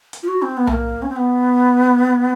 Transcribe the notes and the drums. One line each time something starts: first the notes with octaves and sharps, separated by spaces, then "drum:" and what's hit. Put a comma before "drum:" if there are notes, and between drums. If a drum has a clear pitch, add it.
drum: hi-hat
F4
F#4
C4
B3
A3, drum: tom B1
A#3
C#4
C4
B3